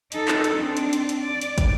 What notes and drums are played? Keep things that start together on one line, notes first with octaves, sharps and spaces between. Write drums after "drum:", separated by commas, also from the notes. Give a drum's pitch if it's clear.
D#4 A4, drum: hi-hat
drum: clap
drum: hi-hat
C4 D4
drum: hi-hat
drum: hi-hat
drum: hi-hat
D5
drum: hi-hat
drum: kick, hi-hat